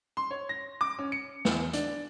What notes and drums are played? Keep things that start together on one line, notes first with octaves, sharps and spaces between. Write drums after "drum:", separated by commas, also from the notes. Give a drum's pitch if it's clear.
C6
C#5
A#6
D6
C#4
C#7
E2, drum: snare
D4, drum: hi-hat